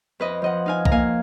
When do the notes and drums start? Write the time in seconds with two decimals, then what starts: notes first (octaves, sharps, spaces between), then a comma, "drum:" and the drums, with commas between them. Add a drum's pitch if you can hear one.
0.20 F2 B4 D#5
0.42 F3 D#5 F#5
0.66 D#4 F5 G#5
0.85 A#5, drum: kick
0.91 A#3 F5 G#5